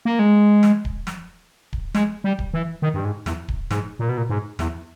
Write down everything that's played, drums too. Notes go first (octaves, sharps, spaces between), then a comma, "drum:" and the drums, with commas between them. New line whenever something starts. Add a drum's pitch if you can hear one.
A#3
G#3
drum: snare
drum: kick D1
drum: snare
drum: kick D1
G#3, drum: snare
G3
drum: kick D1
E3
D#3
G2
G#2
E2, drum: snare
drum: kick D1
G#2, drum: snare
A#2
B2
A#2
G#2
E2, drum: snare